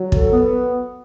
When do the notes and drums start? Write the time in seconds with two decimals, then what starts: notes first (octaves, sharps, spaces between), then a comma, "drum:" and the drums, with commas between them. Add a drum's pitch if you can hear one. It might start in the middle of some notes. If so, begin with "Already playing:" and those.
Already playing: F#3
0.12 A4, drum: kick
0.33 B3